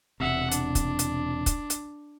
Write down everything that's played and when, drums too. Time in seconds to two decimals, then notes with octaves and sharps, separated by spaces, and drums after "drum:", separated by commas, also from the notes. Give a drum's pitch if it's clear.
0.20 E1 C3 E5 F#5
0.51 D4, drum: hi-hat
0.75 drum: kick, hi-hat
0.99 drum: hi-hat
1.46 drum: kick, hi-hat
1.70 drum: hi-hat